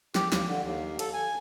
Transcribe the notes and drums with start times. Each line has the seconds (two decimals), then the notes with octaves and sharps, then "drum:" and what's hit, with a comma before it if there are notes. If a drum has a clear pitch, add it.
0.15 G4, drum: snare
0.32 D#2, drum: snare
0.48 D3
0.64 D#2
0.99 A4, drum: cymbal
1.13 G#5